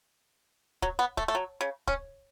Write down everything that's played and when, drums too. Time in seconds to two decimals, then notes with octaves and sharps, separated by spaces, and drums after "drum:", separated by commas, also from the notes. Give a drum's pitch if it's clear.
0.82 F#3, drum: kick
0.99 B3
1.17 A3, drum: kick
1.28 A3
1.35 F#3
1.61 C#3
1.88 C#4, drum: kick